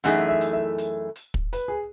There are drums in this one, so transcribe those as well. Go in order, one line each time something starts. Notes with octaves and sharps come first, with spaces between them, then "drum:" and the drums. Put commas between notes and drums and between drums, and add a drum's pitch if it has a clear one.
F#2 E3 A3 D#4 G#4 F#5, drum: hi-hat
E5
drum: hi-hat
E5
drum: hi-hat
drum: hi-hat
drum: kick
B4, drum: hi-hat
G#4